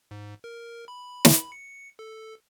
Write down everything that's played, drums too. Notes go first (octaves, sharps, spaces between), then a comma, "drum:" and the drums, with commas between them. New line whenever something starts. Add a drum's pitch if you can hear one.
G#2
A#4
B5
drum: snare
C#7
A4